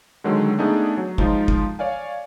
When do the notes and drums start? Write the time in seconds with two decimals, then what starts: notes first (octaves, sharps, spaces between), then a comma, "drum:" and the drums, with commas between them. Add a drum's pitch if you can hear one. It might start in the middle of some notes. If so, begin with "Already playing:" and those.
0.24 D3 D#3 F#3 G#3
0.59 A3 B3 D4 D#4 G#4
0.98 F#3
1.18 F3 G#3 D#4 F4, drum: kick
1.48 drum: kick
1.79 C#5 D5 F5 G#5